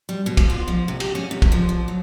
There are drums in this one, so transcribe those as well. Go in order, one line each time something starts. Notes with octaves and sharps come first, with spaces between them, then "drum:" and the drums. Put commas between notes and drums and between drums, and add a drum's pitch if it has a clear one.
G3
B2
drum: kick, cymbal
F4
F3
C3
G4, drum: cymbal
C#4
C3
drum: kick, cymbal
F3
F3
F#3